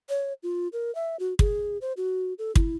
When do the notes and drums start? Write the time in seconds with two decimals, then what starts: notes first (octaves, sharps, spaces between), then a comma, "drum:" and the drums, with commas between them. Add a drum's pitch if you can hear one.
0.09 C#5
0.43 F4
0.73 A#4
0.95 E5
1.20 F#4
1.39 G#4, drum: kick
1.81 C5
1.97 F#4
2.39 A4
2.55 E4, drum: kick